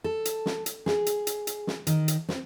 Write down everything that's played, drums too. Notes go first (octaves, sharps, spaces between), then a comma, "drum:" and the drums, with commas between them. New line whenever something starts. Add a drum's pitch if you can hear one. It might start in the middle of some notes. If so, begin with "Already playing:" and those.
A4
drum: hi-hat
drum: snare
drum: hi-hat
G#4, drum: snare
drum: hi-hat
drum: hi-hat
drum: hi-hat
drum: snare
D#3, drum: hi-hat
drum: hi-hat
C4, drum: snare